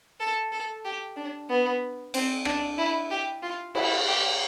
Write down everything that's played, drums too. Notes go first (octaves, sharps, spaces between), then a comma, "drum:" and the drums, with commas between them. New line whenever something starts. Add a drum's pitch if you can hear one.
A4
A4
G4
D4
B3
C4, drum: cymbal
D4, drum: rim click
E4
G4
F4
E4, drum: cymbal
G4